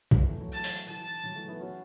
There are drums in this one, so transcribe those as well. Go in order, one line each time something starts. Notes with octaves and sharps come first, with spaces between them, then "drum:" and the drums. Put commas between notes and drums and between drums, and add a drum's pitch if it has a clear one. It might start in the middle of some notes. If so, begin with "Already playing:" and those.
F#3, drum: kick
E3
E3 A3
F#3
A5
drum: open hi-hat
E3 A5
F#3
E3 A3
B3 E4
C#4 F#4